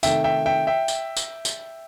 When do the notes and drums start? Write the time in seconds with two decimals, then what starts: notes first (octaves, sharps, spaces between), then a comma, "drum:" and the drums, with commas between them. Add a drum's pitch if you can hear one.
0.03 C3 D#3 A3 E5 G5, drum: tambourine
0.24 E5 G5
0.46 E5 G5
0.67 E5 G5
0.88 drum: tambourine
1.17 drum: tambourine
1.45 drum: tambourine